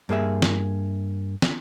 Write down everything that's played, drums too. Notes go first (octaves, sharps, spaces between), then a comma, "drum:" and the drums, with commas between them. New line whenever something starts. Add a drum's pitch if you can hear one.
G2 A#3 G#4 E5
drum: snare
drum: snare